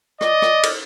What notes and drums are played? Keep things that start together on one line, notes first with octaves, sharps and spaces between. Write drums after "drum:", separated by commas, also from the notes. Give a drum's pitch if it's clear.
D5 D#5, drum: rim click
drum: rim click
drum: cymbal